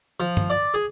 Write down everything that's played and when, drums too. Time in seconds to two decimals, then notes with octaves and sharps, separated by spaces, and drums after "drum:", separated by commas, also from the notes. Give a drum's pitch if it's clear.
0.20 F3
0.37 drum: tom G2
0.50 D5
0.74 G#4